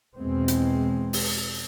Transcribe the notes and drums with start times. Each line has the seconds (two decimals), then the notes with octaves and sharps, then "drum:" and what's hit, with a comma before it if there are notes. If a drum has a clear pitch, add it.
0.16 E2 B2 G#3 C4
0.48 drum: hi-hat
1.13 drum: open hi-hat